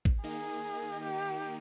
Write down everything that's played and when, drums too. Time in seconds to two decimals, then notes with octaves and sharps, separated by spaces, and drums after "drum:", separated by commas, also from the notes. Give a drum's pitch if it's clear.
0.05 drum: kick
0.24 D#3 A#3 D#4 G#4
1.03 G4